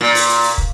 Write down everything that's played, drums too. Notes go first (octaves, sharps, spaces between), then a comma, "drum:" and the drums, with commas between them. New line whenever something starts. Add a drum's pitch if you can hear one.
A#2
drum: open hi-hat
drum: hi-hat
drum: hi-hat
drum: kick